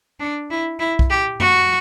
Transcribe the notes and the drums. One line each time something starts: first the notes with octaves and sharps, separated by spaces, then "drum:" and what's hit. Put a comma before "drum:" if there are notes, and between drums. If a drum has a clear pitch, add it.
D4
E4
E4
drum: kick B1
G4
F#4, drum: tom F#2